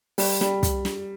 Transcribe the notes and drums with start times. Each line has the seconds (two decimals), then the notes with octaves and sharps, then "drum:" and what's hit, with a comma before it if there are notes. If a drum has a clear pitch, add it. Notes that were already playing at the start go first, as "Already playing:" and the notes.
0.18 G3, drum: open hi-hat
0.41 G3, drum: snare
0.63 drum: kick, hi-hat
0.85 drum: snare